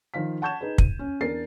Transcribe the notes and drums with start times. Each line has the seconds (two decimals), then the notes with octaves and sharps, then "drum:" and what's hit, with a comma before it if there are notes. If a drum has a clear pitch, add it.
0.14 D#3 F3 F5 B6
0.42 F#5 A5 C#6 G6 G#6 E7
0.61 D#4 G#4 B4
0.78 D#7, drum: kick
0.99 C#4
1.21 E2 D4 A#4 A6 C7